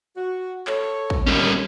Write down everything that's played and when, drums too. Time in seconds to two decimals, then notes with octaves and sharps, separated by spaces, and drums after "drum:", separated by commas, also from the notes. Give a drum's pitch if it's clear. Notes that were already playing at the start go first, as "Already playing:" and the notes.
0.17 F#4
0.67 A4 C#5, drum: clap
1.10 drum: kick
1.27 D#2 D3 D#3 G3 C#4